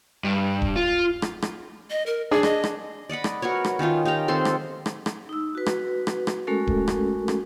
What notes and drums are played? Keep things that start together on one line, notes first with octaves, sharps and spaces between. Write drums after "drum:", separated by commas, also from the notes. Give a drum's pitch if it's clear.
G2
drum: kick D#1
F4
drum: rim click
drum: rim click
D#5
A#4
D4 G#4 D5
D#5, drum: rim click
drum: rim click
D5 D#5 F#5 B5
drum: rim click
F#4 A#4 B4 C#5
drum: rim click
D#3 C#4 D#4 F4
D#4 G4 G5 A#5
D#3 C4 A4 C6
drum: rim click
drum: rim click
drum: rim click
D#4 E6
F#4 B4
drum: rim click
drum: rim click
drum: rim click
G#3 A3 C#4 F#4 A4 A#4
drum: kick D#1
drum: rim click
drum: rim click